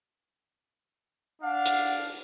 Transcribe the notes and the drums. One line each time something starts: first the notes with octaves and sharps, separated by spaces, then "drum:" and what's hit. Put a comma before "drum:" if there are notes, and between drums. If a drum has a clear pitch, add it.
D4 F5 F#5
drum: hi-hat